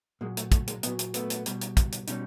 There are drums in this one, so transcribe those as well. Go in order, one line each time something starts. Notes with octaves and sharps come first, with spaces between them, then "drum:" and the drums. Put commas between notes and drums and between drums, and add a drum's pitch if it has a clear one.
A#2 F#3 G#3 A#3
A3, drum: hi-hat
A3, drum: kick, hi-hat
G#3 A#3, drum: hi-hat
A#2 F#3 A3 B3, drum: hi-hat
drum: hi-hat
A3 B3, drum: hi-hat
drum: hi-hat
B2 G3, drum: hi-hat
drum: hi-hat
drum: kick, hi-hat
drum: hi-hat
B2 G3 C#4 D#4, drum: hi-hat